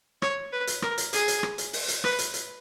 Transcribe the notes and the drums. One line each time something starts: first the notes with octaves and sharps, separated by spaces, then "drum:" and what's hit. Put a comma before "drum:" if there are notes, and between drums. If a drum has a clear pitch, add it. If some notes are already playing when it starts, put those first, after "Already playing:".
C#5, drum: rim click
B4
drum: hi-hat
A#4, drum: rim click
drum: hi-hat
G#4, drum: hi-hat
drum: hi-hat
drum: rim click
drum: hi-hat
drum: open hi-hat
drum: hi-hat
B4, drum: rim click
drum: hi-hat
drum: hi-hat